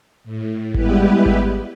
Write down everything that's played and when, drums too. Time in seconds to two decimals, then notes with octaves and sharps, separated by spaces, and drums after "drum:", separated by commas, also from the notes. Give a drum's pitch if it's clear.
0.24 A2
0.74 G3 G#3 B3 E4 G4 B4, drum: kick G#1
1.26 drum: kick G#1